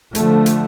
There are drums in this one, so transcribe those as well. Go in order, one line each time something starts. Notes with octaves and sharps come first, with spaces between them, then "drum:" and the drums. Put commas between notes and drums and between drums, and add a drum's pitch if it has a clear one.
D3 F3 A3, drum: hi-hat
drum: hi-hat